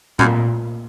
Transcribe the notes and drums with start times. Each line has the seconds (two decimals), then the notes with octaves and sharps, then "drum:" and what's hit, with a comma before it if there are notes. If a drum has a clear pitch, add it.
0.19 F#2 A#2, drum: tom A#2